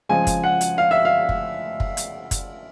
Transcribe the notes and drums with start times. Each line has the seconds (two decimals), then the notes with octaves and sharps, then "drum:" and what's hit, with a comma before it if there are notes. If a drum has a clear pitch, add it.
0.09 C#3 F3 G#3 C4 G#5
0.27 drum: kick, hi-hat
0.44 F#5
0.61 drum: hi-hat
0.78 F5
0.91 E5
1.05 F5
1.29 drum: kick
1.80 drum: kick
1.97 drum: hi-hat
2.31 drum: kick, hi-hat